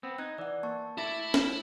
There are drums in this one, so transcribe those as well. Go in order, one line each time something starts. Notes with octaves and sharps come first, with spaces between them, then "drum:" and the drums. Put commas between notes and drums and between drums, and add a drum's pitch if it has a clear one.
B3 C4
D#4 F#6 G#6
E3 D5 F#5
A#3 A5 C#6
A3 E4 E5 D6 A6 A#6
drum: snare C#4